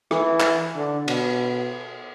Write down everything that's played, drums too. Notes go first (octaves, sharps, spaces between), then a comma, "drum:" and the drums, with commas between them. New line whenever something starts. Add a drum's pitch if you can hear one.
E3, drum: rim click
drum: clap
D3
B2, drum: cymbal